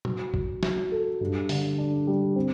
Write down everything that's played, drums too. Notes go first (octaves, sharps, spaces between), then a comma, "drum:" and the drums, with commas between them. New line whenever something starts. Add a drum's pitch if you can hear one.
F#3, drum: tom
F#3, drum: kick
F#3, drum: snare
A4
G2
D3, drum: open hi-hat
D4
G3
C4